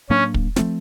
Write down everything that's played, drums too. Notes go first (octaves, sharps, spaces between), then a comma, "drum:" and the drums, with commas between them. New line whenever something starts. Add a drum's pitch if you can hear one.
A2 F#3 A#3 C#4 D4
drum: kick
F3 A3 C4, drum: snare